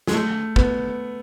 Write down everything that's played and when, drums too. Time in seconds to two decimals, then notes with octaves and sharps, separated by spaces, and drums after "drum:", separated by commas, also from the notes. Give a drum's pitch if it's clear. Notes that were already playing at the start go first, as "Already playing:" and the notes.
0.07 G#3, drum: snare
0.14 A3
0.56 B3, drum: kick